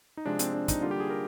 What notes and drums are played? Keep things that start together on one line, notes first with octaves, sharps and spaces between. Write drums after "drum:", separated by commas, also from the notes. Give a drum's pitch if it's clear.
D#4
C3 F3 G#3 D4
C4, drum: hi-hat
D4
D#4, drum: kick, hi-hat
D3 G3 A#3 F4
G4
G#4
A#4